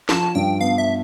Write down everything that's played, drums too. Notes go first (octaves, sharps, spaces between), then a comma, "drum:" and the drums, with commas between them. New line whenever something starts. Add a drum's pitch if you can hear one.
F3 A5, drum: snare
G2 G5
B3 F5
E5